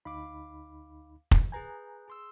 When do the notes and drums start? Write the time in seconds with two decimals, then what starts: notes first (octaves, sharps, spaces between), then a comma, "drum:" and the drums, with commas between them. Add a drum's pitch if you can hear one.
0.05 D2 D#4 F5 B5 D6
1.31 drum: kick F1
1.52 G#4 B4 G#5 A#5 G6
2.08 G#4 C6 E6